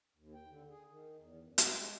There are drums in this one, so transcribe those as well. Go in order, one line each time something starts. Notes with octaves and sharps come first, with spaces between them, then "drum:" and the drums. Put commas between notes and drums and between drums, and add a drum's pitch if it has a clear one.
D#2
G5
D3
G#4
D#3
E2
F#2
F#4, drum: hi-hat
G#3